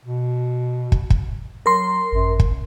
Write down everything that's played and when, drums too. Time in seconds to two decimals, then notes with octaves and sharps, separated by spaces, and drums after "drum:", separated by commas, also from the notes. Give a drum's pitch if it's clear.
0.05 B2
0.92 drum: kick
1.10 drum: kick
1.66 F#3 A#4 C6
2.12 G#1 F#2
2.40 drum: kick